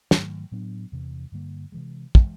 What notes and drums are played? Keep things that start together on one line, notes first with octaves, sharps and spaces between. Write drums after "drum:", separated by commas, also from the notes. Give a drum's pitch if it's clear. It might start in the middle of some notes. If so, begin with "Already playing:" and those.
G#2 D#3 F#3 A3, drum: snare
A2 F#3 B3 D4
E2 C3 E3
G2 D3 G3 A#3
C3 E3 G#3
E3 G#3, drum: kick